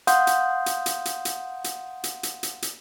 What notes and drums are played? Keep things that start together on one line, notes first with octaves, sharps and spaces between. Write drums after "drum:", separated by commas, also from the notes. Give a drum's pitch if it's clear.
F5 F#5 C6 D#6 G6, drum: hi-hat
drum: hi-hat
drum: hi-hat
drum: hi-hat
drum: hi-hat
drum: hi-hat
drum: hi-hat
drum: hi-hat
drum: hi-hat
drum: hi-hat
drum: hi-hat